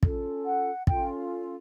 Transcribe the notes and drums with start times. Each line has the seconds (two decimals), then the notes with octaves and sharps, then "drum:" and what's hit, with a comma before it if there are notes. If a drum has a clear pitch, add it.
0.03 C#4 F4 A4, drum: kick
0.45 F#5
0.87 C#4 F4 A4 G5, drum: kick